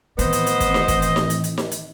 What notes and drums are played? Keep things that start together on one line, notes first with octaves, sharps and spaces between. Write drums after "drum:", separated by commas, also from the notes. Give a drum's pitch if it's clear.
A2 D#3 E3 B3 C4 C5 D#5, drum: hi-hat
drum: hi-hat
drum: hi-hat
drum: kick, hi-hat
drum: snare D#4
drum: kick, hi-hat
drum: hi-hat
drum: snare D#4
drum: hi-hat
drum: hi-hat
drum: snare D#4
drum: hi-hat